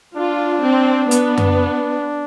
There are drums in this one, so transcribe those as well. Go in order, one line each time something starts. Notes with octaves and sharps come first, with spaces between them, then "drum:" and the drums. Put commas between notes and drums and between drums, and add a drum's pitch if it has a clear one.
D4 F4
C4
B3, drum: hi-hat
drum: tom F#2